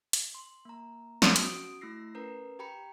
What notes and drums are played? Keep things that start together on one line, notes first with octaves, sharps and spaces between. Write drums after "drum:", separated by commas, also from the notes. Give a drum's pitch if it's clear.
drum: hi-hat
C6
A#3 A#5
drum: snare
C#4 F#4 D#6 D7, drum: hi-hat
A3 E4 E6 A#6 C7
C#4 A#4 B4 A#5
G4 G5 A#5 B5 C#7